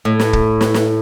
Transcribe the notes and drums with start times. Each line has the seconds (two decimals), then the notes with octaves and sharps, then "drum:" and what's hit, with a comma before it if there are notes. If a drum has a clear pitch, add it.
0.05 A2
0.19 drum: snare
0.33 drum: kick
0.61 drum: snare
0.74 drum: snare